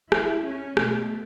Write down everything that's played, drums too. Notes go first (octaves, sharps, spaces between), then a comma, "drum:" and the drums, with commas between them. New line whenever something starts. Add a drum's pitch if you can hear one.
E4, drum: rim click
C#4
B2 A3, drum: rim click